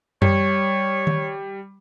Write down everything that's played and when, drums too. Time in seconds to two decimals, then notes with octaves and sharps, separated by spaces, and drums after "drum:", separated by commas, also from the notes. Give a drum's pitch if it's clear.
0.22 G3 C#5, drum: tom F#2
1.07 drum: tom D#3